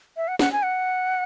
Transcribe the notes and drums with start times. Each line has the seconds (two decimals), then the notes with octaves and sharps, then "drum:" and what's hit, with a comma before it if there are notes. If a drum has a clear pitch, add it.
0.17 E5
0.28 F#5
0.39 F#5, drum: snare
0.52 G#5
0.63 F#5